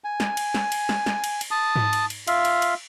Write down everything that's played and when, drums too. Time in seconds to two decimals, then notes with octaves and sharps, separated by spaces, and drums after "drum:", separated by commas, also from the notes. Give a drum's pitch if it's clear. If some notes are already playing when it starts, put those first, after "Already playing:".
0.04 G#5
0.20 drum: snare
0.37 drum: cymbal
0.54 drum: snare
0.72 drum: cymbal
0.89 drum: snare
1.06 drum: snare
1.24 drum: cymbal
1.41 drum: cymbal
1.51 A5 D#6
1.76 drum: tom G#2
1.93 drum: cymbal
2.10 drum: cymbal
2.28 F4 E5 F5, drum: cymbal
2.45 drum: cymbal
2.62 drum: cymbal